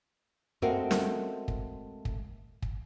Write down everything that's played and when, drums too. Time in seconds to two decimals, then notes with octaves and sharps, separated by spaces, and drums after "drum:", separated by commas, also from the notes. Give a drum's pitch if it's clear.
0.62 G#3 A3 C4 F#4 A#4 F5
0.91 drum: snare
1.48 drum: kick
2.05 drum: kick
2.62 drum: kick